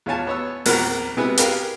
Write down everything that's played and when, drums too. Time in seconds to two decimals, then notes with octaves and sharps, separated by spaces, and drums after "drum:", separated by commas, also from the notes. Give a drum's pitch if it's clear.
0.06 E2 F4 C#5 G#5 A5
0.27 B3 C#5 E6
0.66 A#1 E2 C4 A#4 F#5 B5, drum: open hi-hat
1.17 C3 G#3 B3 E4 B4 G#5
1.37 G4 G#4 A#4 B4 F5 G5, drum: hi-hat